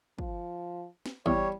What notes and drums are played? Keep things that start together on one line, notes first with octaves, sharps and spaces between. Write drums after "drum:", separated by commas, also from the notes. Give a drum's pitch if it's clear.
F3, drum: kick
drum: snare
E2 G3 C#5, drum: kick